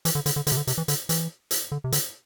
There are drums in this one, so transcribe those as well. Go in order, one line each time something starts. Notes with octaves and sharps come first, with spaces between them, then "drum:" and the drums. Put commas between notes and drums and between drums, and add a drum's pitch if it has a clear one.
E3, drum: hi-hat
D3
D3, drum: hi-hat
D3
D3, drum: hi-hat
C3
D3
C3, drum: hi-hat
E3
D3, drum: hi-hat
E3, drum: hi-hat
drum: hi-hat
D3
C3
D3, drum: hi-hat